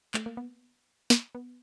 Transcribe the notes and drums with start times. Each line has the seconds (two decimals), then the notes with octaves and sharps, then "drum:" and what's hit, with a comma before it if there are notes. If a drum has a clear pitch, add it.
0.14 A3, drum: clap
0.26 A#3
0.37 B3
1.10 drum: snare
1.35 B3